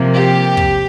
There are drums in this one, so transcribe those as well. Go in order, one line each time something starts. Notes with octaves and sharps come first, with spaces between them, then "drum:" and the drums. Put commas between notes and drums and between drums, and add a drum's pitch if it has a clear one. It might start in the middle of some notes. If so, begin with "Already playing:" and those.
Already playing: C3 F3 A#3
G4
drum: kick